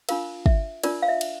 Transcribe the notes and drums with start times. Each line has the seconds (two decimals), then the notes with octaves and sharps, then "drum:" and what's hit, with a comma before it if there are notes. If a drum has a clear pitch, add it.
0.09 D4 F4 A#4 F5, drum: cymbal
0.46 E5, drum: kick
0.84 D4 F4 A#4 D5, drum: cymbal
1.02 F5
1.08 E5
1.21 drum: cymbal